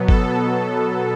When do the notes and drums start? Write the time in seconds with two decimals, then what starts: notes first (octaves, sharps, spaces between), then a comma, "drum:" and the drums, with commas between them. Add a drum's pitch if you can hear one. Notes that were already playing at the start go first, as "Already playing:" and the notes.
Already playing: B2 F#3 B3
0.08 A4, drum: kick